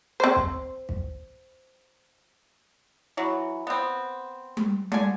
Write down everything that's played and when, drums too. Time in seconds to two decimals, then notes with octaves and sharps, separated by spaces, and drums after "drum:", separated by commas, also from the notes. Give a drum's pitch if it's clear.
0.20 C4 C5
0.36 drum: kick
0.89 drum: kick
3.17 E3 F#3
3.67 B3 C4
4.57 drum: tom G3
4.92 D3 G#5, drum: tom G3